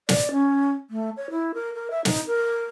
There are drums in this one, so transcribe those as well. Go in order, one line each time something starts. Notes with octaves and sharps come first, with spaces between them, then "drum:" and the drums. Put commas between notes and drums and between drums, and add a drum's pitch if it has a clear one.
D5, drum: snare
C#4
A3
C#5
E4
A#4
A#4
E5
D#4, drum: snare
A#4